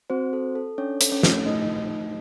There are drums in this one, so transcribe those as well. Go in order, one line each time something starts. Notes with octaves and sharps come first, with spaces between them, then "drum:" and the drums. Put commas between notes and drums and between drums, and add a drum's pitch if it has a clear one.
C4 F#4 C5
A4
A4
C#4 D4 C#5
A4, drum: hi-hat
C#4 C#5
A3, drum: snare
A3 D#4 D#5
A3
A3